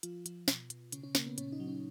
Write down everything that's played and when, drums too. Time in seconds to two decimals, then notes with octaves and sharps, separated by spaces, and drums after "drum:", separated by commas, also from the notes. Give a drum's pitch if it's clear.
0.03 F3 F4, drum: hi-hat
0.26 F3, drum: hi-hat
0.48 B2, drum: snare
0.70 B2, drum: hi-hat
0.92 C#3 C#4, drum: hi-hat
1.03 C#4
1.15 C#3 A#3, drum: snare
1.26 B3
1.38 A#2 C#4, drum: hi-hat
1.52 D#4
1.60 F#3
1.67 C#4